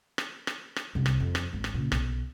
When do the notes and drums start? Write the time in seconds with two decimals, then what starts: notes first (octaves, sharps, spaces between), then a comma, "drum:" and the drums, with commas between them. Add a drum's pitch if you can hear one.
0.18 drum: rim click
0.47 drum: rim click
0.76 drum: rim click
0.95 C2 C3
1.06 drum: rim click
1.20 F2
1.35 drum: rim click
1.53 G#1
1.64 drum: rim click
1.74 A#2 C#3
1.92 B1, drum: rim click